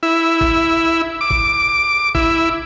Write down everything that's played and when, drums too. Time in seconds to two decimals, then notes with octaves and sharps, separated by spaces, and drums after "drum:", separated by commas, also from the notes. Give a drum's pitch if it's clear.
0.03 E4
0.41 drum: kick A1
1.21 D6
1.30 drum: kick A1
2.15 E4, drum: kick A1